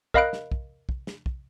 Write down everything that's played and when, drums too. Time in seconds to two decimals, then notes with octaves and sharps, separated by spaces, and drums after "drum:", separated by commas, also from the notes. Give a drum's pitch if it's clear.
0.14 A#4 D#5 F5 B5 F#6 D7, drum: kick
0.33 drum: snare
0.52 drum: kick
0.89 drum: kick
1.07 drum: snare
1.26 drum: kick